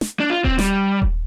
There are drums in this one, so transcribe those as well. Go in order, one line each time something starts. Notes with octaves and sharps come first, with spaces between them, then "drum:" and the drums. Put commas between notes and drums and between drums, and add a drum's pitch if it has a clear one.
drum: snare
D4
F4
C4, drum: kick D#1
G3, drum: snare
drum: kick D#1